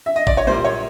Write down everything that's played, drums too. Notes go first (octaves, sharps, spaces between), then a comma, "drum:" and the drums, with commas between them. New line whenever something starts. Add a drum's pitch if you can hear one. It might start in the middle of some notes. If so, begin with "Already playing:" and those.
E5
D#5
D5, drum: kick G#1
C#5
A#2 G3 A#3 C5
C#5